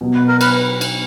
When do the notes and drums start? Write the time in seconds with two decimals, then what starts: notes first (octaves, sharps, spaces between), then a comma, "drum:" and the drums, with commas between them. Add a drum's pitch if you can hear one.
0.01 B2 F#3 B3
0.14 B4
0.27 A#4
0.41 B4, drum: cymbal
0.81 drum: cymbal